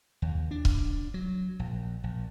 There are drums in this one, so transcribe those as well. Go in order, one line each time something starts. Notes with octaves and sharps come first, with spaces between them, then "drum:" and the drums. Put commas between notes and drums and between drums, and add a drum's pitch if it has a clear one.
D#2
D4
drum: kick C#1
F#3
A#1
A#1